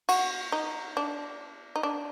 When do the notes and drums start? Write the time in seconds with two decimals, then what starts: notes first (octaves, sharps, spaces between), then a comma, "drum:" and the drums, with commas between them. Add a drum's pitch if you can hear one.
0.09 F#4, drum: cymbal
0.52 D#4
0.97 D4
1.76 D#4
1.83 D4